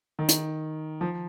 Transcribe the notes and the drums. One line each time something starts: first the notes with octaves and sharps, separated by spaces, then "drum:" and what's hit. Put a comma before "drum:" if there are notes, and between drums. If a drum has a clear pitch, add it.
D#3
drum: hi-hat
F3